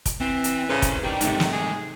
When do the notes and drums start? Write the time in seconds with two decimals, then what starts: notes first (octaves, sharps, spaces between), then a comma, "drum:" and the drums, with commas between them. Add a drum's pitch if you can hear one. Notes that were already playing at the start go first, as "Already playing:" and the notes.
0.06 drum: kick, hi-hat
0.21 E3 C4
0.44 drum: hi-hat
0.70 A1 C#3 B4 C5
0.82 drum: kick, hi-hat
1.04 D#3 G4 D5
1.21 G#2 C3 G3 A3, drum: hi-hat
1.40 drum: snare
1.52 G#4